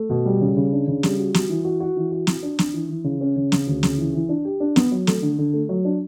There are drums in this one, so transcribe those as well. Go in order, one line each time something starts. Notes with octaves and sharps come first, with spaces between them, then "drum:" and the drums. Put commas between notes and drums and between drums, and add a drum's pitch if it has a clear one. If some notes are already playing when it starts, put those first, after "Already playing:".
Already playing: A3
B2
G3
C#3
C#3
D4
C#3
G3, drum: snare
F#4
F#4, drum: snare
E3
F#4
F#4
E3
F#4
F#4, drum: snare
D4
D4, drum: snare
E3
E3
C#3
C#4
C#3
C#3, drum: snare
D2
C#3, drum: snare
E3
E3
D4
G4
D4
B3, drum: snare
F#3
A3, drum: snare
D3
D3
A3
F#3
D4